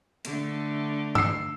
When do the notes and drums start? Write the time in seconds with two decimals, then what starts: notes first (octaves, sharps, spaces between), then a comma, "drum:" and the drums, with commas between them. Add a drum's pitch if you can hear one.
0.25 D3 A3, drum: hi-hat
1.15 E6 C7, drum: tom G2